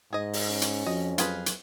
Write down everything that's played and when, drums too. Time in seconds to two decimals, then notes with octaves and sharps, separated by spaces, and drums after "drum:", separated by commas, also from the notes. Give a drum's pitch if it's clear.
0.13 G#2 G#4 D#5
0.33 drum: open hi-hat
0.48 C#4
0.62 drum: hi-hat
0.86 F2 F3 F#4 D#5
1.18 F#3 F4 G#4 B4, drum: hi-hat
1.46 drum: hi-hat